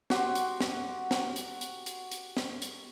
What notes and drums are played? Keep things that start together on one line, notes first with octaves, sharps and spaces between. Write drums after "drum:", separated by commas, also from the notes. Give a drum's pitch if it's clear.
F#4 G4 C6, drum: snare
drum: hi-hat
drum: snare
drum: snare
drum: hi-hat
drum: hi-hat
drum: hi-hat
drum: hi-hat
drum: snare
drum: hi-hat